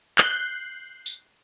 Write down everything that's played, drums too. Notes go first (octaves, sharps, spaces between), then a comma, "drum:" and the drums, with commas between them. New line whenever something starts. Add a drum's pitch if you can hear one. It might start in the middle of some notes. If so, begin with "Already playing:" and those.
F#6 G6 C7, drum: clap
drum: tambourine